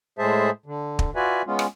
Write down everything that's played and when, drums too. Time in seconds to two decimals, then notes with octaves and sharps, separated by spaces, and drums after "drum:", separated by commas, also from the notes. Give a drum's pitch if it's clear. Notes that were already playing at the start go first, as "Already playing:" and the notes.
0.19 A2 G#3 G#4 C5 E5 A5
0.66 D3
0.99 drum: kick
1.16 F4 F#4 B4 D5 E5 G#5
1.47 G#3 B3 C#4 F4
1.59 drum: rim click